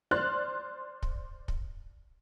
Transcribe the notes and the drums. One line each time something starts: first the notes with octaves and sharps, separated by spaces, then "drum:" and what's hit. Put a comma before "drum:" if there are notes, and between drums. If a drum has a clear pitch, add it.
C5 D5 C6 F6 F#6 A6
drum: kick
drum: kick